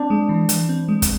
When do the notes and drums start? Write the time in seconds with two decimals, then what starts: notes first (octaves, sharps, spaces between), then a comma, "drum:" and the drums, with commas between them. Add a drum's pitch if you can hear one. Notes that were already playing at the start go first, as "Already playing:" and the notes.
Already playing: C4 D4
0.10 G#3
0.29 E3
0.49 E3, drum: hi-hat
0.69 C4
0.88 G#3
1.02 drum: kick, hi-hat